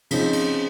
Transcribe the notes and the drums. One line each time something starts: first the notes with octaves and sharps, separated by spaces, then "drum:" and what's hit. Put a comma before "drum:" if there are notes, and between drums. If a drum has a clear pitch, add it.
C#3 F3 C4 D#4, drum: cymbal
drum: cymbal